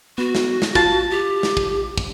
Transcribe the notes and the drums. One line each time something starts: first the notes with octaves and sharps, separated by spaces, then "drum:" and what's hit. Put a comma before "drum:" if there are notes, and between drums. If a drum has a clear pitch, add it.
B3 F#4
drum: snare
drum: snare
F4 A5, drum: kick
G4
drum: snare
drum: kick
drum: kick